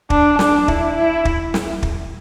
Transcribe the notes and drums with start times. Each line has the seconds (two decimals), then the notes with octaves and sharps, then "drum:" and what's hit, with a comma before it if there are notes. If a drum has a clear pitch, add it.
0.10 D4, drum: kick
0.39 D4, drum: snare
0.68 E4, drum: kick
0.97 E4
1.25 drum: kick
1.54 drum: snare
1.83 drum: kick